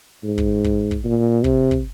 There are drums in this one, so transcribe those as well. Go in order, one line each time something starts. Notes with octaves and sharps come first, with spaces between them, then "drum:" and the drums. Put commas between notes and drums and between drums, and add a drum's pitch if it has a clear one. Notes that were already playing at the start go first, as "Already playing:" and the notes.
G#2
drum: kick
drum: kick
drum: kick
A#2
C3, drum: kick
drum: kick